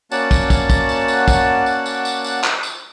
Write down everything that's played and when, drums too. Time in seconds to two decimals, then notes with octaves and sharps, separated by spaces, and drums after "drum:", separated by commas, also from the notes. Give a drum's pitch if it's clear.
0.12 A#3 C#4 F#4 D5 F#5 A5, drum: tambourine
0.31 drum: kick, tambourine
0.50 drum: kick, tambourine
0.70 drum: kick, tambourine
0.89 drum: tambourine
1.08 drum: tambourine
1.28 drum: kick, tambourine
1.66 drum: tambourine
1.86 drum: tambourine
2.05 drum: tambourine
2.24 drum: tambourine
2.44 drum: clap
2.63 drum: tambourine